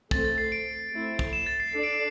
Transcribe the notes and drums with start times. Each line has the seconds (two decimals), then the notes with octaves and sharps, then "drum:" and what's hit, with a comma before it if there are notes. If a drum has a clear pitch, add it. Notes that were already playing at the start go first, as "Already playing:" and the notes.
0.11 A3 C4 A4 A6, drum: kick
0.25 A6
0.38 C7
0.52 D7
0.92 A3 C4 E4
1.19 drum: kick
1.33 E7
1.46 A6
1.60 C7
1.73 D4 A4 D5 C7
1.83 D7
1.94 C7